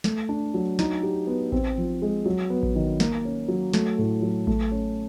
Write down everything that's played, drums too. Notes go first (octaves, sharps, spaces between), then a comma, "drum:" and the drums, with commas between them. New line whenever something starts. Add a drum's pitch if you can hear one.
A3, drum: snare
D4
F#3
D#4, drum: snare
G4
B3
C4, drum: kick A1
F3
G#3
F#3
B3
drum: kick A1
D#3
A#3, drum: snare
C#4
F#3
A3, drum: snare
A2
F#3
A3, drum: kick A1
C#4